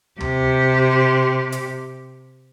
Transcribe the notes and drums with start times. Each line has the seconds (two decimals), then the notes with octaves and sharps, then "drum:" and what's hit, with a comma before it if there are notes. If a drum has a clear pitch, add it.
0.20 C3 G4, drum: tom D2
1.52 drum: hi-hat